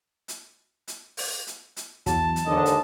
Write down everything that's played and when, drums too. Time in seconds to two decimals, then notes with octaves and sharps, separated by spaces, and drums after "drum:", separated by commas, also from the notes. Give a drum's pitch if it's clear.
0.28 drum: hi-hat
0.88 drum: hi-hat
1.17 drum: open hi-hat
1.47 drum: hi-hat
1.77 drum: hi-hat
2.06 E2 F#3 A5, drum: kick, hi-hat
2.36 drum: hi-hat
2.47 D#2 G#2 D3 D#5
2.66 drum: hi-hat